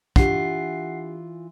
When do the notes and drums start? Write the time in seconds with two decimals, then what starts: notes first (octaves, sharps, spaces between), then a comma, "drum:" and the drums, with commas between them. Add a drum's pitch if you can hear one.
0.16 E3 D4 F4 G4 F#5 C7, drum: kick